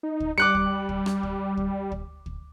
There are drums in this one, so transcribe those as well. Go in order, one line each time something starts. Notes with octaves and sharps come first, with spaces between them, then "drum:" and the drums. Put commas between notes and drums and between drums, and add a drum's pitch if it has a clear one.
D#4
drum: kick
G3 D6 F#6 C#7
drum: kick
drum: kick
drum: rim click
drum: kick
drum: kick
drum: kick
drum: kick